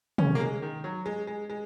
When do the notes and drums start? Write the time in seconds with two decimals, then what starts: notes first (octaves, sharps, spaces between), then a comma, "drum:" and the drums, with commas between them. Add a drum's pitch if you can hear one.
0.18 C#4, drum: tom
0.35 A#3
0.40 G#3
0.62 D#3
0.84 F#3
1.06 G#3
1.27 G#3
1.50 G#3